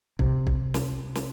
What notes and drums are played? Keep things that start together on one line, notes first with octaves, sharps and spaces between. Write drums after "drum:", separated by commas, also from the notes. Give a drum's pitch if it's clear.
C3, drum: kick
drum: kick
drum: snare
drum: snare